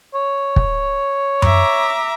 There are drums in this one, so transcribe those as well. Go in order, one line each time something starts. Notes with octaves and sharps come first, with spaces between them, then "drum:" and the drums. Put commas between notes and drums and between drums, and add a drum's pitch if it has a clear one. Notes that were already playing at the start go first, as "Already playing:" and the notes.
C#5
drum: kick
E5 A#5 D6, drum: tom F#2